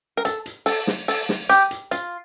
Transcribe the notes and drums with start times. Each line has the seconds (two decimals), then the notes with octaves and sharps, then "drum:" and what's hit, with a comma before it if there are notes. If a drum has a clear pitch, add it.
0.17 A#4
0.25 A4, drum: hi-hat
0.46 drum: hi-hat
0.66 A4, drum: open hi-hat
0.87 drum: snare
1.08 A4, drum: open hi-hat
1.29 drum: snare
1.49 G4, drum: hi-hat
1.71 drum: hi-hat
1.91 F4, drum: hi-hat